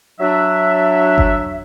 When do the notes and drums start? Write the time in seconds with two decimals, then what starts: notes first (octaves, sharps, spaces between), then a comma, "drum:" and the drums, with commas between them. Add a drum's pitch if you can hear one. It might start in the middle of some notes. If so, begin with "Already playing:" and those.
0.20 F#3 D4 E5
1.18 drum: kick G1